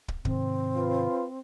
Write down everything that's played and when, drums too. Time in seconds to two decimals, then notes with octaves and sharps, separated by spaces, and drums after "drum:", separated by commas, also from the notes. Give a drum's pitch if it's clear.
0.08 drum: kick
0.25 G#2 C3 D#3 C4, drum: kick
0.76 F4 B4